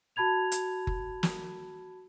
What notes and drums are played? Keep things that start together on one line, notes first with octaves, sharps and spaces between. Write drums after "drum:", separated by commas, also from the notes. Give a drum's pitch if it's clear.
F#4 A5 B5 G#6 F7
drum: hi-hat
drum: kick F#1
drum: snare